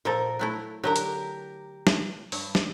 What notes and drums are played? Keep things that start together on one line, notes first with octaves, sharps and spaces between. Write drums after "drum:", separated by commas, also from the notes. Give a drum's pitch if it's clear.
A#2 F3 A4 A#4
F#3 A3 E4
D3 F#3 G4 A#4
drum: hi-hat
drum: snare
G2 C#5, drum: open hi-hat
drum: snare